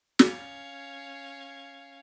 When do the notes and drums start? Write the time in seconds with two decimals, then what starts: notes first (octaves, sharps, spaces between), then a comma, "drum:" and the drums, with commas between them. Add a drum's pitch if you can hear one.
0.19 C#4 F5, drum: snare